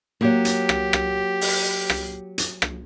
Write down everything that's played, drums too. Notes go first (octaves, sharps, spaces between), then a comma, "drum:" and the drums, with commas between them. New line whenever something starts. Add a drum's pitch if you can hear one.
F#3 A#3 G4
drum: hi-hat
drum: rim click
drum: rim click
drum: open hi-hat
drum: rim click
drum: hi-hat
drum: rim click